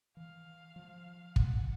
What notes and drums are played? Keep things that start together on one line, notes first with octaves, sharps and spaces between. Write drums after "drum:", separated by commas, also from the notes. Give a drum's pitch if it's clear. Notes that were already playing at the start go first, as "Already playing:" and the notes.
E3 F5
F3
F#5, drum: kick